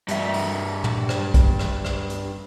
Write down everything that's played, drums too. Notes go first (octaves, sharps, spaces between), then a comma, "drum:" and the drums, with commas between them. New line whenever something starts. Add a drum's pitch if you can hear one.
G2 E5, drum: hi-hat
drum: open hi-hat
drum: tom
drum: rim click
drum: kick B1, hi-hat
drum: rim click
drum: rim click
drum: hi-hat